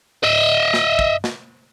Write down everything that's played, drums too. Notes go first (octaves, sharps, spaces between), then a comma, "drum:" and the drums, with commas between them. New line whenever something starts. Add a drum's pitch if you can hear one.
D#5 E5
drum: snare
drum: kick
drum: snare